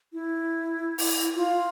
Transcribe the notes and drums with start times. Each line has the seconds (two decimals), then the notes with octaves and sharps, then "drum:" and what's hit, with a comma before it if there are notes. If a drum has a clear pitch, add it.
0.13 E4
0.98 drum: open hi-hat
1.36 F4